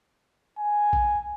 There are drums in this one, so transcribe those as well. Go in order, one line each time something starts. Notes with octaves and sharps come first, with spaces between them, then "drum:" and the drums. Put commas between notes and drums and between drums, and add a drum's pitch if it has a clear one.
G#5
drum: kick A#1